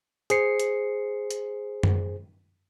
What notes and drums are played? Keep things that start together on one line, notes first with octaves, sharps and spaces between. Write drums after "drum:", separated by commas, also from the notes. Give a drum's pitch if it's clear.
G#4 C5 C7 C#7, drum: hi-hat
drum: hi-hat
drum: hi-hat
drum: tom F#2